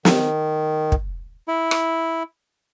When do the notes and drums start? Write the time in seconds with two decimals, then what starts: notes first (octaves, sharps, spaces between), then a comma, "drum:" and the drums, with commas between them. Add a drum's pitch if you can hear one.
0.05 D#3, drum: snare
0.92 drum: kick
1.48 E4
1.71 drum: rim click